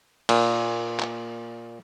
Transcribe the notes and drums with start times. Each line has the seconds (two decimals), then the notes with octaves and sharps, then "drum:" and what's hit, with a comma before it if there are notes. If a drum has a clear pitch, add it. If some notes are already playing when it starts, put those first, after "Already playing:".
0.29 A#2, drum: cymbal
1.00 drum: clap